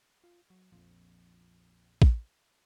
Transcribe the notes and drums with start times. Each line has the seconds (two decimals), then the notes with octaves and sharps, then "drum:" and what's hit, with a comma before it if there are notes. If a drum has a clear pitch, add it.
0.24 F4
0.50 F#3
0.72 A#1 F2 F3
2.02 drum: kick